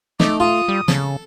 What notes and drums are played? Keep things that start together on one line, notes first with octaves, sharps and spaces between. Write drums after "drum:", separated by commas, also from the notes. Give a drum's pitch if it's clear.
A3 D#4 D6, drum: snare
F4 D#6
G3
C#3 A4, drum: snare